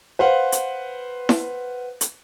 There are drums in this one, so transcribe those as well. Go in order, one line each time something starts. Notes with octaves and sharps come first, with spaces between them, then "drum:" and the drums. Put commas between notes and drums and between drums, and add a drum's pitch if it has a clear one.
B4 C5 F5 F#5
drum: hi-hat
drum: snare E4
drum: hi-hat